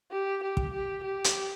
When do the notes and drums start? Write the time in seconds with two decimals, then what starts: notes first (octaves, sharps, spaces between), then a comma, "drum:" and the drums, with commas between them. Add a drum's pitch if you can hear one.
0.11 G4
0.43 G4
0.57 drum: kick
0.73 G4
1.03 G4
1.24 drum: hi-hat